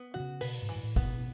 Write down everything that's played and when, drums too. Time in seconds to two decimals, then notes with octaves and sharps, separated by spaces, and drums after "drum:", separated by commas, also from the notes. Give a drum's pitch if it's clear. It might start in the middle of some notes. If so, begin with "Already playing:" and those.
Already playing: B3
0.14 D3 F#4
0.20 C#3
0.41 B2 B4, drum: open hi-hat
0.62 G#2
0.69 E3
0.75 G#2
0.83 A2
0.96 B3, drum: kick
1.04 B2